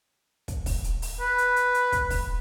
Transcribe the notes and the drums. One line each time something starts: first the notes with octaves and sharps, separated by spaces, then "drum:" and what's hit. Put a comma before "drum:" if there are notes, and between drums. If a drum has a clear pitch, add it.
drum: kick, hi-hat
drum: kick, open hi-hat
drum: hi-hat
drum: open hi-hat
B4
drum: hi-hat
drum: hi-hat
drum: hi-hat
drum: kick, hi-hat
drum: kick, open hi-hat